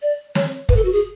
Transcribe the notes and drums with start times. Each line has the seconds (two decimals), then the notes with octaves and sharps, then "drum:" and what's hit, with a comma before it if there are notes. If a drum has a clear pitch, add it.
0.02 D5
0.35 C#5, drum: snare
0.69 B4, drum: kick
0.77 A4
0.85 F#4
0.93 G#4